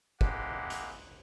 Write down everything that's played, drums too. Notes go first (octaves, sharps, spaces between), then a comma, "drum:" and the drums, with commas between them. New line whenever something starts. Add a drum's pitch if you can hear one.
G#3 A#3 E4 G4 F#5, drum: kick
drum: hi-hat